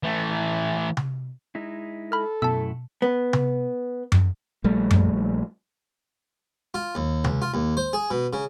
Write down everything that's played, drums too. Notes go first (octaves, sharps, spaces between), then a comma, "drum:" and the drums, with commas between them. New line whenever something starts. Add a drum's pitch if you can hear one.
E3 A3
drum: tom C3
G#3 D#4 E4
A4 B5 F6
F#2 B2 A3 E4 A5 E6
B3
drum: tom C3
drum: tom F#2
A#1 G3 A3
drum: tom F#2
F4
D#2
C#2, drum: tom C3
F4
D#2
C5
G#4
B2
C#3